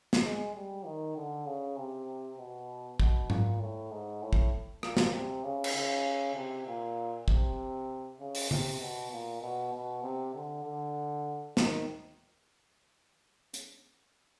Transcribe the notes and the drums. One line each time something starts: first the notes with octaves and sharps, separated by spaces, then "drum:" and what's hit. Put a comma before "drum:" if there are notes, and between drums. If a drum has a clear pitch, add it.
drum: snare
G#3
G3
D#3
D3
C#3
C3
B2
B2, drum: kick
A#2, drum: tom G#2
A2
G#2
A2
drum: kick
A#2, drum: rim click
drum: snare
C3
C#3
drum: cymbal
C#3
C3
A#2
C3, drum: kick
C#3
drum: open hi-hat
C3, drum: tom C#3
B2
A#2
B2
B2
C3
D3
D3
D#3, drum: snare
drum: hi-hat